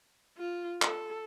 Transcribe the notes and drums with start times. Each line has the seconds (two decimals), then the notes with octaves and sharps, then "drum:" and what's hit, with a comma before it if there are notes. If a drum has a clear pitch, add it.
0.37 F4
0.82 A4, drum: clap